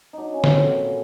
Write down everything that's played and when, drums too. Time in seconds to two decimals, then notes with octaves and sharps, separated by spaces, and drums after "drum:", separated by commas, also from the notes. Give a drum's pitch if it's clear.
0.13 F#3 D4 D#4
0.33 F#3 C#4
0.44 C#4, drum: snare
0.49 A3 C4
0.65 A#2 B3
0.81 A#2